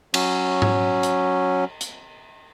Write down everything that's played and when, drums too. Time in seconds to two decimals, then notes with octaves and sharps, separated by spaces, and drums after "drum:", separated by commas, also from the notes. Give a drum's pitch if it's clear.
0.14 F#3 C#4, drum: cymbal
0.62 drum: tom G#2
1.03 drum: hi-hat
1.81 drum: hi-hat